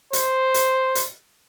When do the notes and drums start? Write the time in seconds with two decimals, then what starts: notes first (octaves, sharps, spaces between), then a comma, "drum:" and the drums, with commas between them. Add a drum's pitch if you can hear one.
0.13 C5, drum: hi-hat
0.54 drum: hi-hat
0.95 drum: hi-hat